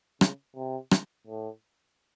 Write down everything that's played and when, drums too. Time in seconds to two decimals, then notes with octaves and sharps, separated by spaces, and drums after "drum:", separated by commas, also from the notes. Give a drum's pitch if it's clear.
0.21 C#3, drum: rim click
0.56 C3
0.91 drum: rim click
1.27 A2